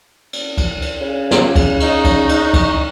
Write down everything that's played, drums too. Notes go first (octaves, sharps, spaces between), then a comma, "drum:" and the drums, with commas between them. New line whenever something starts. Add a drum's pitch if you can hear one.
drum: cymbal
drum: kick, cymbal
drum: cymbal
C#3
drum: snare
drum: kick, cymbal
D#4 C#6, drum: cymbal
drum: kick, cymbal
drum: cymbal
drum: kick, cymbal